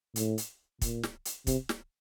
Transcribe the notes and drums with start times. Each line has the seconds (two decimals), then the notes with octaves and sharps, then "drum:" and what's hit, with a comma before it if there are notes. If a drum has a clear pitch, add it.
0.16 A2, drum: hi-hat
0.38 drum: hi-hat
0.82 A#2, drum: kick, hi-hat
1.03 drum: snare
1.25 drum: hi-hat
1.47 C3, drum: kick, hi-hat
1.69 drum: snare